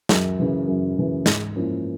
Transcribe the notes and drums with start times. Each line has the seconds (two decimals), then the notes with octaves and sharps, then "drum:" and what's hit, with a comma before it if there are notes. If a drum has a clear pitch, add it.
0.09 F#2, drum: snare
0.39 C#3 E3
0.68 F#2
0.98 C#3 E3
1.26 G#2, drum: snare
1.56 F3 A#3 C#4 E4